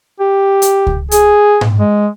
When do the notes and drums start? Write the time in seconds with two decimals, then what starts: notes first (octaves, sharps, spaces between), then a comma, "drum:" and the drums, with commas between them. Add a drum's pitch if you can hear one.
0.20 G4
0.62 drum: hi-hat
0.87 drum: kick C#2
1.11 G#4, drum: hi-hat
1.61 drum: tom G#2
1.80 G#3